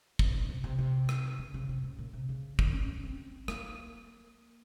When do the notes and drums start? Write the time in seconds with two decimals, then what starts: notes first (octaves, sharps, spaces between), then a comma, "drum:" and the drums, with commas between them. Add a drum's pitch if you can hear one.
0.19 C3, drum: kick
0.34 A#2
0.49 C3
0.64 C3
0.79 C3
1.09 drum: rim click
1.39 C#3
1.54 C#3
1.69 C3
1.83 C#3
1.99 A#2
2.13 C3
2.29 C#3
2.59 D#3, drum: kick
2.73 C#4
2.88 C#4
3.04 C4
3.48 A#3, drum: rim click